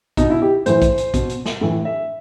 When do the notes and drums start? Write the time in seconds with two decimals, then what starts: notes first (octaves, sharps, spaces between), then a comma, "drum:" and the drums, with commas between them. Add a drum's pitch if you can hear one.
0.17 B2 D#4, drum: kick, hi-hat
0.30 E4
0.42 G4
0.66 A2 E3 C5, drum: hi-hat
0.82 drum: kick, hi-hat
0.98 drum: hi-hat
1.14 B2, drum: kick, hi-hat
1.29 drum: hi-hat
1.45 drum: snare
1.61 A2 E3
1.85 E5